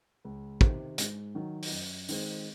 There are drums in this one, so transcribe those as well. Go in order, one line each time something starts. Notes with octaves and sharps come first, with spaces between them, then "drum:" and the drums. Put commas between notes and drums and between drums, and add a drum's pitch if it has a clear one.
C#2
C3 D#3, drum: kick
G#2, drum: hi-hat
D#3 F#3
drum: open hi-hat
F#2
D#3 G#3 C4, drum: open hi-hat